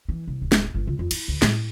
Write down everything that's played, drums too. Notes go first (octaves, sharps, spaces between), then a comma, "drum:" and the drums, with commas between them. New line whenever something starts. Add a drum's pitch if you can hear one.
E3
C2
D1
drum: snare
G1
C#2
F2
E4, drum: cymbal
D2
A2, drum: snare